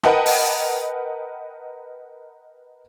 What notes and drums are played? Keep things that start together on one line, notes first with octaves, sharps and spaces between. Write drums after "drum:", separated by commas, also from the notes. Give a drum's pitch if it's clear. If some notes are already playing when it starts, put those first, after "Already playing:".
A#4 B4 D#5 F#5 G5 A5, drum: rim click
drum: open hi-hat